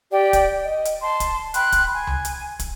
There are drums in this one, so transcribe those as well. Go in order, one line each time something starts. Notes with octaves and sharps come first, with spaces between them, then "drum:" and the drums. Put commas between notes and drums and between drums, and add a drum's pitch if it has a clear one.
G4 D5 G5
drum: kick, hi-hat
D#5
drum: hi-hat
A5 C6
drum: kick, hi-hat
G5 B5 C6 F#6, drum: hi-hat
drum: kick, hi-hat
G#5
drum: tom C#2
drum: hi-hat
drum: kick, hi-hat